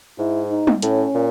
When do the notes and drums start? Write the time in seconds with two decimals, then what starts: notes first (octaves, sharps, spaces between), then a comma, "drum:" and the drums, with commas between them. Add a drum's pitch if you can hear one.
0.19 G#2 E4
0.51 D#4
0.67 drum: tom
0.82 A2 C#4, drum: hi-hat
1.15 A#2